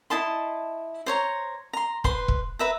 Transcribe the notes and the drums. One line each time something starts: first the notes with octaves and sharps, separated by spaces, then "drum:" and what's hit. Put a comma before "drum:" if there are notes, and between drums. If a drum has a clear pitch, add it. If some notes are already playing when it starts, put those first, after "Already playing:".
E4 D#5 A5 C6
C5 C#5 A#5
A#5 C6
B4 C5 C6, drum: kick
drum: kick
B4 E5 A#5